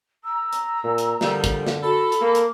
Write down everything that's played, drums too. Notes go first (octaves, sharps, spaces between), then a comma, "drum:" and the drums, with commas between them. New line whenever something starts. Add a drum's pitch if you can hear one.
A#5 E6
drum: hi-hat
A#2
drum: hi-hat
A#2 D3 F3 G3, drum: snare
drum: kick, hi-hat
drum: snare
F#4 A4 B5
drum: hi-hat
A#3 D6
drum: hi-hat